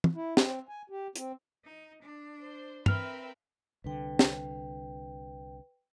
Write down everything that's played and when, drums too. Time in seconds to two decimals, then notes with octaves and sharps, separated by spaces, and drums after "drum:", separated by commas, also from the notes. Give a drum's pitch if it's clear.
0.04 drum: tom
0.15 E4
0.37 C4, drum: snare
0.69 G#5
0.90 G4
1.16 C4, drum: hi-hat
1.64 D#4
2.02 D4
2.40 C5
2.86 C4 A#4 B4 E5 G5 F6 F7, drum: tom
3.84 C2 D3 B4 G5
4.19 drum: snare